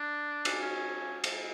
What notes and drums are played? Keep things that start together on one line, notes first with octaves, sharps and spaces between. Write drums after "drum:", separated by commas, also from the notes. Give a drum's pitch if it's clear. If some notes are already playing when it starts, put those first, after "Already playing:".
Already playing: D4
drum: cymbal
C#4
drum: cymbal